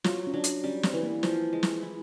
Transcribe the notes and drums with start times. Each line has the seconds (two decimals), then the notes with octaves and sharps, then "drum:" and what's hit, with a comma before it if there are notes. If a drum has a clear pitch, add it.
0.04 F#3 F4, drum: snare
0.27 C#4
0.34 F#3 D4
0.44 drum: hi-hat
0.64 G3 C#4
0.83 C4, drum: snare
0.93 E3
1.03 A#3
1.23 F3, drum: snare
1.53 G#3
1.63 drum: snare
1.83 E4